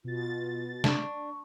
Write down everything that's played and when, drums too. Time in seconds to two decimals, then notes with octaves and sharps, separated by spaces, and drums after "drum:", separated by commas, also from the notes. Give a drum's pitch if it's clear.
0.04 B2 F4 A6
0.84 D4 C#6, drum: snare